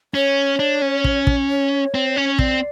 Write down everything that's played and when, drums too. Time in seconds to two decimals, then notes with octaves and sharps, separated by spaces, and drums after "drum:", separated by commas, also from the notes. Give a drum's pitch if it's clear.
0.14 C#4 C#5
0.59 D4
0.82 C#4
1.04 drum: kick
1.27 drum: kick
1.50 C#5
1.94 C4
2.16 C#4
2.39 C4 D5, drum: kick